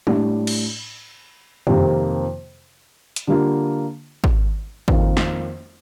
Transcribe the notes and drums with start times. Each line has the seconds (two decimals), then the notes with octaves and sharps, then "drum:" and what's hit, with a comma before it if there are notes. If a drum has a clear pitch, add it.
0.07 A2 G3 D4, drum: tom
0.47 drum: cymbal
1.67 F2 C3 D#3 G3 A#3, drum: tom
3.16 drum: hi-hat
3.27 D3 G3 A#3 F4
4.24 drum: kick
4.88 F2 D#3 A#3 F4, drum: kick
5.17 drum: snare